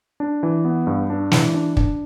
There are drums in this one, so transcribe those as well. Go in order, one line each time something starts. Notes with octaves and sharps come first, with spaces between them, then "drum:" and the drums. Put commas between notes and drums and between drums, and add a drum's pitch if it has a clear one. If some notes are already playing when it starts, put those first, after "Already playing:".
D4
E3
B3
G2
D4
E3, drum: snare
D4
D4, drum: kick